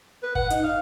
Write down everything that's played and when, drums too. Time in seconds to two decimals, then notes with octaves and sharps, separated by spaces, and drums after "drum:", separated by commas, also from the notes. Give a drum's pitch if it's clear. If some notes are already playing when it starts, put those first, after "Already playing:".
0.23 B4
0.35 F#5, drum: kick G1
0.50 D#4, drum: hi-hat
0.64 F5